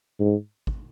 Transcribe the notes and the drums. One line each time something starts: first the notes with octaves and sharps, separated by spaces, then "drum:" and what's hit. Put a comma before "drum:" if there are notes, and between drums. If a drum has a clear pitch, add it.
G#2
drum: kick